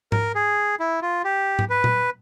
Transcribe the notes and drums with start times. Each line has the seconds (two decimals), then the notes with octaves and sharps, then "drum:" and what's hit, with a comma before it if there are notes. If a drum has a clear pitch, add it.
0.12 A#4, drum: tom G#2
0.35 G#4
0.80 E4
1.02 F4
1.24 G4
1.59 drum: tom G#2
1.70 B4
1.84 drum: tom A#2